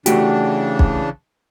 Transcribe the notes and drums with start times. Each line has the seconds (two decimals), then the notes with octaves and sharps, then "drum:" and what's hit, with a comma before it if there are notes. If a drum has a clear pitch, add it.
0.06 C#3 E3 A3 D4 F#4 G4, drum: hi-hat
0.79 drum: kick